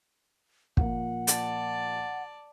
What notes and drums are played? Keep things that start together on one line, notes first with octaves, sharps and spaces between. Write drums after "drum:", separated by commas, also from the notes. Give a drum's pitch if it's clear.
A#2 F3 A#3 F#5, drum: kick
D5 A5, drum: hi-hat